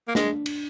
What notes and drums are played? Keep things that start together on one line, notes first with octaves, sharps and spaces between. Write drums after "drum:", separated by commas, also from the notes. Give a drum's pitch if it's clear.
A#3
G#3 D4, drum: snare
drum: cymbal